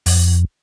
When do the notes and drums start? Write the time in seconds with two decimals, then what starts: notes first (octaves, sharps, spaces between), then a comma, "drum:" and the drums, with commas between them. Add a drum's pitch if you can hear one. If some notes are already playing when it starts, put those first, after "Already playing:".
0.06 F2, drum: open hi-hat